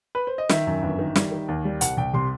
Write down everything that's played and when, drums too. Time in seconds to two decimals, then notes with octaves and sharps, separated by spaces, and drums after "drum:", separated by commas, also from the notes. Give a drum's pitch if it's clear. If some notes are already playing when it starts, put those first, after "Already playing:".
0.15 B4
0.27 C5
0.38 D#5
0.49 D#3 E5, drum: snare
0.67 F#2
0.82 G1
0.99 D#3
1.15 G3, drum: snare
1.32 D#3
1.48 D#2
1.65 G3
1.81 C2 F#5, drum: hi-hat
1.97 C2 G5
2.14 C3 C6